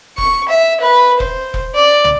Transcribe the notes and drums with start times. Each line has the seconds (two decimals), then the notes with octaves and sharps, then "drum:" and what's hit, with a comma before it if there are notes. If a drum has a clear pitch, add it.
0.18 C#6, drum: kick E1
0.49 E5
0.81 B4
1.20 C5, drum: kick E1
1.54 drum: kick E1
1.75 D5
2.04 drum: tom